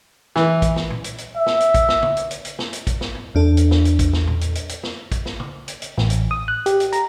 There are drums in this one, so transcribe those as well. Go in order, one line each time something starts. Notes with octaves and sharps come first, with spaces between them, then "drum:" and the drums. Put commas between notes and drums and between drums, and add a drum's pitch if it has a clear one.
E3, drum: snare
drum: kick, hi-hat
drum: snare
drum: tom A#2
drum: hi-hat
drum: hi-hat
E5
drum: snare
drum: hi-hat
drum: kick, hi-hat
drum: snare
drum: tom
drum: hi-hat
drum: hi-hat
drum: hi-hat
drum: snare
drum: hi-hat
drum: kick, hi-hat
drum: snare
drum: tom G#2
E2 D4 A4
drum: hi-hat
drum: snare
drum: hi-hat
drum: kick, hi-hat
drum: snare
drum: tom A#2
drum: hi-hat
drum: hi-hat
drum: hi-hat
drum: snare
drum: kick, hi-hat
drum: snare
drum: tom
drum: hi-hat
drum: hi-hat
A1, drum: snare
drum: hi-hat
D#6
F#6
G4, drum: hi-hat
drum: hi-hat
A#5, drum: hi-hat